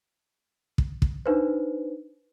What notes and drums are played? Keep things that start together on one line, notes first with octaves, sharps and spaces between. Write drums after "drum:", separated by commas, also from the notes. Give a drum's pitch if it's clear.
drum: kick
drum: kick
D4 D#4 B4 C5